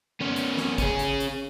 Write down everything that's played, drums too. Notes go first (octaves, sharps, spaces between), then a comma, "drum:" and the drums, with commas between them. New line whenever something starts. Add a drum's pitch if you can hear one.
B3 C#4
drum: hi-hat
drum: snare
C#4 G#4, drum: kick, hi-hat
drum: hi-hat
drum: hi-hat